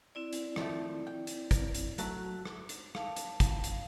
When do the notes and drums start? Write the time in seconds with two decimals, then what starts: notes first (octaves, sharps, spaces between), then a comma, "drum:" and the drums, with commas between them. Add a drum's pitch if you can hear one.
0.15 C4 E4 D5
0.33 drum: hi-hat
0.56 D#3 F3 A3, drum: rim click
1.07 G5
1.27 drum: hi-hat
1.51 drum: kick, hi-hat
1.75 drum: hi-hat
1.98 F#3 A3 F#4 A5, drum: hi-hat
2.45 drum: rim click
2.69 drum: hi-hat
2.95 F5 A5, drum: rim click
3.16 drum: hi-hat
3.40 drum: kick, hi-hat
3.64 drum: hi-hat